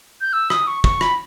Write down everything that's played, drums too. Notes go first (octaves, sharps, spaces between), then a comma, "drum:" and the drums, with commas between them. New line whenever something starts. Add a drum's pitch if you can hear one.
G6
E6
D#6, drum: rim click
C#6
C#6, drum: kick
B5, drum: rim click